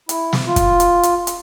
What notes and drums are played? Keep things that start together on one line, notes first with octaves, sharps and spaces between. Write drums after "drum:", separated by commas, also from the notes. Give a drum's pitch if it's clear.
E4, drum: hi-hat
drum: snare
F4
drum: kick, hi-hat
drum: hi-hat
drum: hi-hat
drum: hi-hat